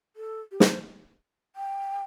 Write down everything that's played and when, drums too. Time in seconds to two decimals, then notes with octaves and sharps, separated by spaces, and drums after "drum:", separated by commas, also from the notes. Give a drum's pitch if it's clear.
0.16 A4
0.51 G4
0.60 A4, drum: snare
0.69 C5
1.56 G5